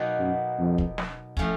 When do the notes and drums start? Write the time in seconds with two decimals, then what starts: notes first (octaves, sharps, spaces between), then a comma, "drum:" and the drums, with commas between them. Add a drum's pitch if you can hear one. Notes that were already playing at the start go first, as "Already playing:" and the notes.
Already playing: B2 F#3 A#3 D#4 F#4
0.19 F#2
0.59 F2
0.78 drum: kick
0.98 drum: snare
1.37 A2 F3 A3 C#4, drum: kick